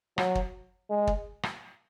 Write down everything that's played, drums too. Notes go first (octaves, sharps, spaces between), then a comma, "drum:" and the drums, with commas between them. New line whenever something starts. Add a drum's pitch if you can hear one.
F#3, drum: rim click
drum: kick
G#3
drum: kick
drum: rim click